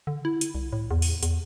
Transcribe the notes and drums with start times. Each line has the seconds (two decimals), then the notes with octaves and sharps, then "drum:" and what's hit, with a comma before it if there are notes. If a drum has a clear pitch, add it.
0.07 D3
0.25 E4
0.41 drum: hi-hat
0.55 C2
0.73 A2
0.91 E2
1.02 drum: open hi-hat
1.23 E2, drum: hi-hat